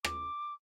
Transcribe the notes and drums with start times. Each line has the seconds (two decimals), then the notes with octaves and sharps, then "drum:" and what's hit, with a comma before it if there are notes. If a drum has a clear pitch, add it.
0.04 D6, drum: rim click